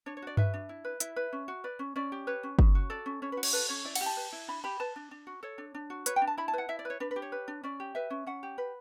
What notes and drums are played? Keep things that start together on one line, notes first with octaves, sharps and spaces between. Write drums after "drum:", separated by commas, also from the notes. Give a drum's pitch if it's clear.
D4 C#5
C#5
F#4 D5
B4 E5, drum: tom G2
D4
E4
B4
E4 E5, drum: hi-hat
B4
C#4
F#4
B4 D5
C#4
C#4 D5
G4
B4 C#5
C#4
C#4, drum: kick
F#4
A4 D5
C#4
C#4 C#5
F#4 B4
C#5, drum: cymbal
A4 B4
C#4 C#5
E4 D5
F#5, drum: cymbal
G4
A5
B4
E4
D4 B5
G4 B5
B4 A5
D4
D4
F#4
A4 C#5
D4
D4
F#4
B4 C#5, drum: hi-hat
G5
D4
A5
E4 B5
A5
B4 F#5
E4 E5
D5
B4 C#5
D4 B4
B4
G4
C#5
B4
D4
C#4 D5
G4
B4 E5
C#4
C#4 F#5
G4
B4